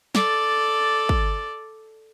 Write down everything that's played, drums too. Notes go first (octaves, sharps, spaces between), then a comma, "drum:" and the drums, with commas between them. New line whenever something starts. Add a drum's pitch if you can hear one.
A4 D5, drum: snare
drum: kick